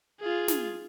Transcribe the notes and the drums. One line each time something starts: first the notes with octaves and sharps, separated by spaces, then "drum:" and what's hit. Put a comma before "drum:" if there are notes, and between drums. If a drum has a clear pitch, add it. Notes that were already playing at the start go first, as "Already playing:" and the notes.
F4 G#4
drum: snare